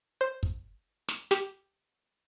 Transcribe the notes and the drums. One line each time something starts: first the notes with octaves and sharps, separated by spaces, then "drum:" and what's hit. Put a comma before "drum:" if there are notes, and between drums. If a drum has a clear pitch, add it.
C5
drum: kick
drum: snare
G4, drum: snare